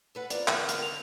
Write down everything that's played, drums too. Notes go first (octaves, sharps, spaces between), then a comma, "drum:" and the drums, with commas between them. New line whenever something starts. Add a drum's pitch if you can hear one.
A4 B4 F#5
F4 A#4 C5 D5, drum: hi-hat
F2 D3 B3 A#4, drum: clap
drum: hi-hat
F7